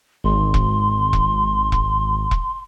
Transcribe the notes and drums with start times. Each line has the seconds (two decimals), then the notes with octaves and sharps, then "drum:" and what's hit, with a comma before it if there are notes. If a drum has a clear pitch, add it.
0.24 G#1 C6
0.54 drum: kick E1
1.13 drum: kick E1
1.72 drum: kick E1
2.31 drum: kick E1